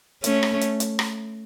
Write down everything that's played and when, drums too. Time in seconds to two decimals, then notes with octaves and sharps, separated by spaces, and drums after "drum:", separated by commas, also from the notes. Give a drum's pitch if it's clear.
0.24 A3 C#4, drum: hi-hat
0.43 drum: rim click
0.61 drum: hi-hat
0.80 drum: hi-hat
0.99 drum: rim click